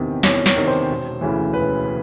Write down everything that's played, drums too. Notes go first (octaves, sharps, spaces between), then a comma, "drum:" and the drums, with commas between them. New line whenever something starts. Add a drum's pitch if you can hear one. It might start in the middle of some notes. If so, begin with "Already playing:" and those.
Already playing: E2 C3 D#3
E2 C#5, drum: snare
C#5, drum: snare
C3 D#3
C5
E1
D2 C#3 E3
E1 B4